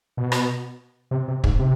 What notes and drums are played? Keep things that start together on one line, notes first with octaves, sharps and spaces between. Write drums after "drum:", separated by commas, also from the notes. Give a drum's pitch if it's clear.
B2
drum: rim click
C3
C3
G#2, drum: kick
C3